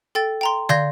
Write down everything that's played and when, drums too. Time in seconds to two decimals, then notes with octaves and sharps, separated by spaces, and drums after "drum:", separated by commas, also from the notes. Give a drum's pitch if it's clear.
0.15 A4 G5 A6
0.41 G5 A#5 C6
0.69 D5 F5 C6 G6 G#6 A#6, drum: tom